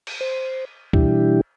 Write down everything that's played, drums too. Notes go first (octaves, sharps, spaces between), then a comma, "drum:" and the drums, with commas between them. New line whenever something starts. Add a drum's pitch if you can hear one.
drum: cymbal
C5
B2 E3 G3 D4 E4 G4, drum: kick C#2